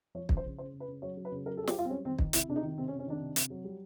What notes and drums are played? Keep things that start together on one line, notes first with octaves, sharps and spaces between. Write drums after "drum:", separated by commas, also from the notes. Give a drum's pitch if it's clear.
F3 C#5
C#3, drum: kick
C5
C#3
C#3 C5
C#3
B4
C#3
F#3 C#5
F#3
B4
C#3
F#3 A#4
A4
F#3 G#4
G4, drum: snare
F#3 F4
C4
G3 C#4
D#3 C4
D#3, drum: kick
C3 E4, drum: hi-hat
C3 D4
D#4
D#3
C3 C4
C#4
C3
C#4
D#3 D4
C3
C3, drum: hi-hat
F#3
G3